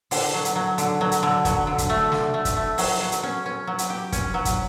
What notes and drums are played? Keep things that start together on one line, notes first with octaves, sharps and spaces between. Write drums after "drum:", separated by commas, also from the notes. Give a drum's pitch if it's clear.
D3, drum: open hi-hat
F#3
drum: hi-hat
F#3
D3, drum: hi-hat
F#3
drum: hi-hat
D3
F#3, drum: kick, hi-hat
D3
drum: kick, hi-hat
A3
D3, drum: snare
A3
drum: kick, hi-hat
A3
F#3, drum: open hi-hat
F#3
drum: hi-hat
C#4
C#4
F#3
drum: hi-hat
G4
C#4, drum: kick, hi-hat
F#3
drum: kick, hi-hat